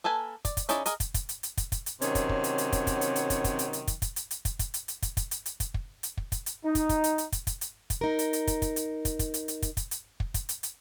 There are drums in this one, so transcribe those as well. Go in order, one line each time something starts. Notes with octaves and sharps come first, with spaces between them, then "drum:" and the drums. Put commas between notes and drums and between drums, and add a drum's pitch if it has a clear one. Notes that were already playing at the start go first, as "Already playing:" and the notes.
A#3 A4 B4 G#5
D5, drum: kick, hi-hat
drum: kick, hi-hat
C#4 D#4 E4 G#4 D5, drum: hi-hat
G#4 A#4 D#5, drum: hi-hat
drum: kick, hi-hat
drum: kick, hi-hat
drum: hi-hat
drum: hi-hat
drum: kick, hi-hat
drum: kick, hi-hat
drum: hi-hat
C3 D#3 F#3 C#4, drum: hi-hat
drum: kick, hi-hat
drum: kick
drum: hi-hat
drum: hi-hat
drum: kick, hi-hat
drum: kick, hi-hat
drum: hi-hat
drum: hi-hat
drum: kick, hi-hat
drum: kick, hi-hat
drum: hi-hat
drum: hi-hat
drum: kick, hi-hat
drum: kick, hi-hat
drum: hi-hat
drum: hi-hat
drum: kick, hi-hat
drum: kick, hi-hat
drum: hi-hat
drum: hi-hat
drum: kick, hi-hat
drum: kick, hi-hat
drum: hi-hat
drum: hi-hat
drum: kick, hi-hat
drum: kick
drum: hi-hat
drum: kick
drum: kick, hi-hat
drum: hi-hat
D#4
drum: kick, hi-hat
drum: kick, hi-hat
drum: hi-hat
drum: hi-hat
drum: kick, hi-hat
drum: kick, hi-hat
drum: hi-hat
drum: kick, hi-hat
D#4 A#4
drum: hi-hat
drum: hi-hat
drum: kick, hi-hat
drum: kick, hi-hat
drum: hi-hat
drum: kick, hi-hat
drum: kick, hi-hat
drum: hi-hat
drum: hi-hat
drum: kick, hi-hat
drum: kick, hi-hat
drum: hi-hat
drum: kick
drum: kick, hi-hat
drum: hi-hat
drum: hi-hat